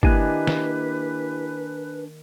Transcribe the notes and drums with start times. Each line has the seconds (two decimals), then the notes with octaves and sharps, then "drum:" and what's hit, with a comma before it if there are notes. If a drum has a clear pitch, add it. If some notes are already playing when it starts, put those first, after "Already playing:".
0.03 D#3 A#3 D4 E4 G4 B4 G#5 F#6, drum: kick
0.47 drum: snare